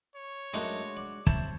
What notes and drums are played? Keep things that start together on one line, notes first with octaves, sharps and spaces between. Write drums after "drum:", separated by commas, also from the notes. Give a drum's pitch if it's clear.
C#5
F#2 G#3 A3 D4 D#4 F#4
D5
E4 C5 C#5 A5, drum: kick